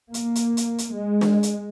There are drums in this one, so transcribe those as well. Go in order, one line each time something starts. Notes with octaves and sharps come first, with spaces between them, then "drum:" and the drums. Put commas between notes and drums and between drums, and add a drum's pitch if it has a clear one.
A#3, drum: hi-hat
drum: hi-hat
drum: hi-hat
drum: hi-hat
G#3
drum: snare
drum: hi-hat